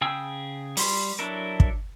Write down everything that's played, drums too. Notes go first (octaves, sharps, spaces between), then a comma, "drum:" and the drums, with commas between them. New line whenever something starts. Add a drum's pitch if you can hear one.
C#3 G#4 G5 E6
G3 C6, drum: open hi-hat
F#3 D4 E4 A4 A#4
drum: kick